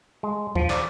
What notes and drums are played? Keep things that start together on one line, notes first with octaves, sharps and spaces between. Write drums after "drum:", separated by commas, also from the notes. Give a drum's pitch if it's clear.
G#3
F3, drum: kick D2
D5, drum: clap